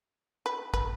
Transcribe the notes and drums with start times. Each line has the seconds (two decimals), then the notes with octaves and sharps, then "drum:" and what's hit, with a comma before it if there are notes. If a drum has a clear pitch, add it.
0.46 B4
0.74 B4, drum: kick